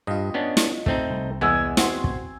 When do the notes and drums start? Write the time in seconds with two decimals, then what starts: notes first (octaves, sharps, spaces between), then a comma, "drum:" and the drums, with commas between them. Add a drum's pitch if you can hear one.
0.07 G2 F4 D#5
0.34 B3 C#4 D4
0.57 drum: snare
0.86 A3 C4 D#4, drum: kick
1.11 C2
1.41 E2 G#3 B3 G#5 E6
1.77 C4 F#4 C6, drum: snare
2.04 drum: kick